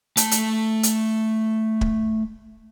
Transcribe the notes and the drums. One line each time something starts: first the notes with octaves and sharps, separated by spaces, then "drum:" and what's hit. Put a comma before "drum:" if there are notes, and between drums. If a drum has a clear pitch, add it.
A3 A5, drum: hi-hat
drum: hi-hat
drum: hi-hat
drum: kick